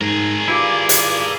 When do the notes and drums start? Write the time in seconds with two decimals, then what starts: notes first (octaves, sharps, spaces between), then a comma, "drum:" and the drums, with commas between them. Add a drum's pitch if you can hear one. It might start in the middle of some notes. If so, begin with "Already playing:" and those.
0.01 G#2 G#4 A#4
0.48 G2 E4 F4 G#5 D6
0.89 drum: hi-hat